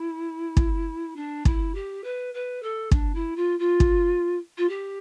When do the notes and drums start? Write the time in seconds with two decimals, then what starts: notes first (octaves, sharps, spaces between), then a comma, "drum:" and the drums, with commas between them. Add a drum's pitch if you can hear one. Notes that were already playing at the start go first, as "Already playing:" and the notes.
Already playing: E4
0.57 drum: kick
1.16 D4
1.45 E4, drum: kick
1.74 G4
2.03 B4
2.33 B4
2.62 A4
2.91 D4, drum: kick
3.14 E4
3.36 F4
3.59 F4
3.80 drum: kick
4.57 F4
4.69 G4